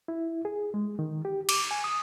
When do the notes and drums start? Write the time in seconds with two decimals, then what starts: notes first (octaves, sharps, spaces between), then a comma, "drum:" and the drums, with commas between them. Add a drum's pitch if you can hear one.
0.08 E4
0.45 G#4
0.74 G#3
0.99 D#3
1.25 G4
1.49 D6, drum: cymbal
1.71 G#5
1.84 D#6